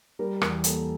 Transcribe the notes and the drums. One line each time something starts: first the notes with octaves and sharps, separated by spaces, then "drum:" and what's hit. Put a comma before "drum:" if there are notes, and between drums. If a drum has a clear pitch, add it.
G3 G4 A#4
E2 G4 A#4, drum: rim click
A#3 A4, drum: hi-hat